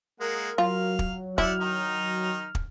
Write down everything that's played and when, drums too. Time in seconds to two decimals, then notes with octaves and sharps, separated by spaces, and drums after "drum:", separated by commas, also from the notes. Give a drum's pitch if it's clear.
0.20 G#3 A#3 A#4 F#5
0.58 F#3 F4 F5
0.99 drum: kick
1.38 E4 D5 E5 F#5 F6, drum: kick
1.60 D#3 D#4
2.55 drum: kick